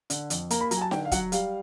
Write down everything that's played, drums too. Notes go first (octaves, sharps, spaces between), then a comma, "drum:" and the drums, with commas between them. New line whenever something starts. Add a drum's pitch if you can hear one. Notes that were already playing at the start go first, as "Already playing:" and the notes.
D3, drum: hi-hat
F2, drum: hi-hat
A#3 A#5, drum: hi-hat
B5
F#3 A#5, drum: hi-hat
G#5
A5
D3 G5, drum: snare D#4
F5
F#3 F#5, drum: kick, hi-hat
G3 F5, drum: hi-hat